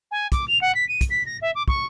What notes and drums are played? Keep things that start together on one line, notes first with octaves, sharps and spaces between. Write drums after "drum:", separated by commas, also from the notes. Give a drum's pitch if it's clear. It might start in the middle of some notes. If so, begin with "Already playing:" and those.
G#5
D6, drum: kick, hi-hat
F7
F#5
B6
D#7
drum: kick, hi-hat
B6
A#6
E5
D6
C#6, drum: kick